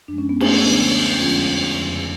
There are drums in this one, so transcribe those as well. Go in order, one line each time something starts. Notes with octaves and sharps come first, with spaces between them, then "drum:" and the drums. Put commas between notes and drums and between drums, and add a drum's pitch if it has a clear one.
F#2 F3 G#3 D4
C#4
B3
A3 C#4, drum: cymbal
D2 D3 F3 G#3 B3 D4
F2 D3 F3 G#3 C#4 F4
F2 C#3 F3 G#3